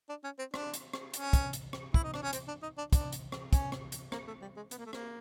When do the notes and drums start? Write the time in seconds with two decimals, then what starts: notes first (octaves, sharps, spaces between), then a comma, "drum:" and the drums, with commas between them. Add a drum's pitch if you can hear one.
0.09 D4
0.24 C#4
0.39 C4
0.54 D4, drum: rim click
0.74 drum: hi-hat
0.93 drum: rim click
1.14 C#4, drum: hi-hat
1.33 drum: kick, hi-hat
1.53 drum: hi-hat
1.73 drum: rim click
1.94 E4, drum: kick
2.04 D#4
2.14 D4, drum: rim click
2.23 C#4
2.33 C4, drum: hi-hat
2.48 D4
2.63 D#4
2.78 D4
2.93 D4, drum: kick, hi-hat
3.12 drum: hi-hat
3.32 drum: rim click
3.53 C#4, drum: kick, hi-hat
3.72 drum: rim click
3.92 drum: hi-hat
4.12 A#3, drum: rim click
4.27 A3
4.42 G3
4.56 G#3
4.71 B3, drum: hi-hat
4.78 A#3
4.86 A3
4.93 A#3, drum: rim click